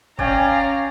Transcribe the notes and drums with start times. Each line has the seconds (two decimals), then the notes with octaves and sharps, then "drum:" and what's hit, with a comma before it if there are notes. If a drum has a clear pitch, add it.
0.19 C#4 D5 F5 G5 G#5 A#5, drum: kick